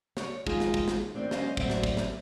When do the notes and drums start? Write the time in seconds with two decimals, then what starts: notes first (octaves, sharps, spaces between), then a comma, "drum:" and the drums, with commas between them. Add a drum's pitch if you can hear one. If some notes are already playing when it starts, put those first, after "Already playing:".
0.17 C#5, drum: snare
0.47 D#3 F3 G#3 D#4 F4 G#4, drum: kick
0.60 drum: snare
0.74 drum: kick
0.88 drum: snare
1.15 D#3 A3 A#3 C4 D4
1.31 F#3 G#3 C#4 C5 D#5 F5, drum: snare
1.57 A2 D3 F#3 C4 E5, drum: kick
1.70 drum: snare
1.84 drum: kick
1.97 drum: snare